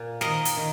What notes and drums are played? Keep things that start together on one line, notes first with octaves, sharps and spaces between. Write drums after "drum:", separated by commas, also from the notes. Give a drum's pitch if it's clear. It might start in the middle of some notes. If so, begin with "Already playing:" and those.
Already playing: A#2 A#3
D#3 A#4 D#5, drum: snare
drum: hi-hat
D#3